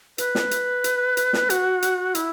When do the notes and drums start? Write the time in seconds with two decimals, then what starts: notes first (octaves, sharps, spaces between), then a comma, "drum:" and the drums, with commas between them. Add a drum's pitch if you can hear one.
0.18 B4, drum: hi-hat
0.35 drum: snare
0.51 drum: hi-hat
0.84 drum: hi-hat
1.17 drum: hi-hat
1.33 drum: snare
1.50 F#4, drum: hi-hat
1.82 drum: hi-hat
2.15 E4, drum: hi-hat